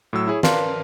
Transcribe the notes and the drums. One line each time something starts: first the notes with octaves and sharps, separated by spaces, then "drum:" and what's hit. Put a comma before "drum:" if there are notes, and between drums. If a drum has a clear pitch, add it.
A2 F#3 E6
E4 G#4 C#5
A#4 B4 D5 F5 A5 C6, drum: snare